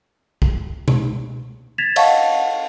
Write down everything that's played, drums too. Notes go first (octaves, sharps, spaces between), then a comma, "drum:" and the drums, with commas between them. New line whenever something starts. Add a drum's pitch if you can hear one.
drum: kick
drum: tom B2
G#6 A6 B6 E7 F7
C#5 D#5 F5 F#5 A5 C#6, drum: cymbal